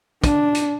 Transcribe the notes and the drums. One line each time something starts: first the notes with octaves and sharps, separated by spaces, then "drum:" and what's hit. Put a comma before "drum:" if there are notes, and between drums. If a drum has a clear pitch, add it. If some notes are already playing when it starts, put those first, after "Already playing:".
D4, drum: kick, hi-hat
drum: hi-hat